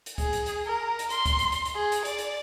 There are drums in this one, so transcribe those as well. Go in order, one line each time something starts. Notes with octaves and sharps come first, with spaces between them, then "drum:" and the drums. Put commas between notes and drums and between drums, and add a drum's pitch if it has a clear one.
drum: hi-hat
G#4, drum: kick C#2, hi-hat
drum: hi-hat
drum: hi-hat
A#4
drum: hi-hat
C6, drum: hi-hat
drum: kick C#2, hi-hat
drum: hi-hat
drum: hi-hat
drum: hi-hat
G#4
drum: hi-hat
D5, drum: hi-hat
drum: hi-hat